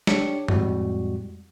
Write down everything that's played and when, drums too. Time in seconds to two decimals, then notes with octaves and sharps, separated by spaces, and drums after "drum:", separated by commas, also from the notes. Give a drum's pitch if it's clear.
0.07 D4 G4 C#5 C#7, drum: snare
0.48 F2 A2 G3 G#3 F#4, drum: tom G2